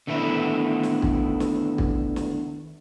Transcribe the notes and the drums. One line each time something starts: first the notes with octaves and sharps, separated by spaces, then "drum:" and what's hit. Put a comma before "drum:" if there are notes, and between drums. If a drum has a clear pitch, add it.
D3 D#3 A3 B3 E4
drum: snare
drum: kick
drum: snare
drum: kick
drum: snare